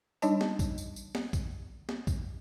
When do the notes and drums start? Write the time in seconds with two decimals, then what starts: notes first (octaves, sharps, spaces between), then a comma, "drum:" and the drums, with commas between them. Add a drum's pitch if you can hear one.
0.22 G3 D4 D#4 C#5 D#5 A5, drum: tambourine
0.41 drum: snare
0.59 drum: kick A#1, tambourine
0.78 drum: tambourine
0.96 drum: tambourine
1.15 drum: snare
1.33 drum: kick A#1, tambourine
1.89 drum: snare
2.07 drum: kick A#1, tambourine